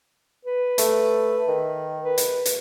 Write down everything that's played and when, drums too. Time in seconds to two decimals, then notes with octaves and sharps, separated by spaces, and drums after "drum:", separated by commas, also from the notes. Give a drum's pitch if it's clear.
0.45 B4
0.78 A3, drum: hi-hat
1.48 D#3
2.01 B4
2.18 drum: hi-hat
2.46 drum: hi-hat